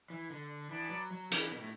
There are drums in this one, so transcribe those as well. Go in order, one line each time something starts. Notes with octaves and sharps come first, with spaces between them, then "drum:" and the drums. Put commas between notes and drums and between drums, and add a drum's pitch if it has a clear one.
E3
D3
E3 B3 D4 B4 D5
F#3
F#3
E3, drum: hi-hat
B2
A2